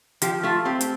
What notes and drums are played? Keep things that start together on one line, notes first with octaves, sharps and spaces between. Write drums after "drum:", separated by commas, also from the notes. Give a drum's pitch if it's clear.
F3 G4, drum: hi-hat
A3 F4
C4 G4
drum: hi-hat